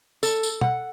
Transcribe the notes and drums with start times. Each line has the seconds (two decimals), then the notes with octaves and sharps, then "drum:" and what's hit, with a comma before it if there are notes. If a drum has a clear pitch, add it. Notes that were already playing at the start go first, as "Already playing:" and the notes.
0.23 A4, drum: tambourine
0.43 drum: tambourine
0.61 F#5, drum: tom